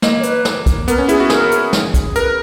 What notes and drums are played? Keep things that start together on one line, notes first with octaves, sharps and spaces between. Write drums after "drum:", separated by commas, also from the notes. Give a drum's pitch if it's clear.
A#3 D#5, drum: snare
C#5
B4, drum: hi-hat
drum: snare
drum: kick, hi-hat
B3 A#4, drum: hi-hat
C#4
E4 G#4, drum: hi-hat
F#4
G#4 A#4, drum: snare
drum: hi-hat
drum: snare
drum: kick, hi-hat
A#4 B4, drum: hi-hat